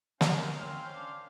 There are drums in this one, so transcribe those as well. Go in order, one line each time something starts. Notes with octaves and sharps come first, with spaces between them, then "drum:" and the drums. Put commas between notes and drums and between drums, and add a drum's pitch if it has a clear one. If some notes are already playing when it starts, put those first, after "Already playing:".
C#4 A#4 C5 F5, drum: snare
C4 F6
D4